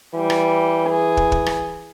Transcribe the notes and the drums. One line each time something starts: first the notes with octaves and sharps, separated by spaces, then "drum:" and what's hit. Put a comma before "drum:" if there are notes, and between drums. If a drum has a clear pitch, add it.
E3 G3
drum: rim click
G#4
drum: kick
drum: kick
drum: rim click